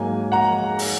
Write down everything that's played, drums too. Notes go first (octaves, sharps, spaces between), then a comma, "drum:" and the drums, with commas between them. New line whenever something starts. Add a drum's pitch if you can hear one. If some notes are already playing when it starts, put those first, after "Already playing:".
Already playing: G#2 F#3 A#3 G#5
F#5 A#5
drum: open hi-hat